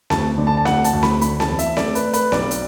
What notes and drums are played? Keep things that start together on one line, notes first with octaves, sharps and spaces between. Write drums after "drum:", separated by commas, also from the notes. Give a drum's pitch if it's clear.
D2 A5, drum: snare C4
D3
A5
A5
D2 F#5, drum: snare C4
A5, drum: hi-hat
D2
B5, drum: snare C4
D3 B5, drum: hi-hat
A5, drum: snare C4
E2
E5, drum: hi-hat
A3 D5, drum: snare C4
B4, drum: hi-hat
A3
B4, drum: hi-hat
B1 D5, drum: snare C4
drum: hi-hat